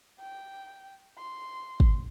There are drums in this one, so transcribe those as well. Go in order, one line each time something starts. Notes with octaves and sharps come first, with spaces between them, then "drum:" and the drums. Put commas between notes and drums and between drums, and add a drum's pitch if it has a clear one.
G5
C6
drum: kick